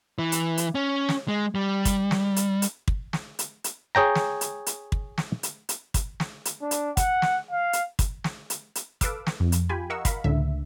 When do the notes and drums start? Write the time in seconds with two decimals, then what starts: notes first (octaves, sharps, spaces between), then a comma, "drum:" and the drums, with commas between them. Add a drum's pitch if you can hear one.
0.19 E3
0.32 drum: hi-hat
0.58 drum: hi-hat
0.75 C#4
1.09 drum: snare
1.28 G#3
1.55 G3
1.85 drum: kick, hi-hat
2.11 drum: snare
2.36 drum: hi-hat
2.62 drum: hi-hat
2.88 drum: kick
3.13 drum: snare
3.39 drum: hi-hat
3.64 drum: hi-hat
3.95 G#4 C#5 G5 A#5
4.15 drum: snare
4.41 drum: hi-hat
4.66 drum: hi-hat
4.92 drum: kick
5.18 drum: snare
5.43 drum: hi-hat
5.69 drum: hi-hat
5.94 drum: kick, hi-hat
6.20 drum: snare
6.45 drum: hi-hat
6.62 D4
6.71 drum: hi-hat
6.97 F#5, drum: kick, hi-hat
7.22 drum: snare
7.51 F5
7.73 drum: hi-hat
7.99 drum: kick, hi-hat
8.24 drum: snare
8.50 drum: hi-hat
8.75 drum: hi-hat
9.01 A4 B4 F5 D6 E6, drum: kick, hi-hat
9.27 drum: snare
9.40 F2
9.52 drum: hi-hat
9.69 F4 G4 G5 G#5 B5
9.90 A#4 D#5 F5 F#5 C#6 E6
10.05 A#4 F5 B5, drum: kick, hi-hat
10.24 C#2 A2 D3 E5